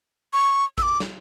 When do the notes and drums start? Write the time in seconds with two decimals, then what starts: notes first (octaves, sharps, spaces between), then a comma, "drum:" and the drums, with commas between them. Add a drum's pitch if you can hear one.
0.33 C#6
0.78 E6, drum: kick A1, hi-hat
0.82 D6
1.00 drum: snare